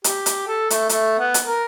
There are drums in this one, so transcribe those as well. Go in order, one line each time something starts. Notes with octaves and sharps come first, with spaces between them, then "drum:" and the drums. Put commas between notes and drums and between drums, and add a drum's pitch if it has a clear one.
G4, drum: hi-hat
drum: hi-hat
A4
A3, drum: hi-hat
A3, drum: hi-hat
B3
drum: hi-hat
A#4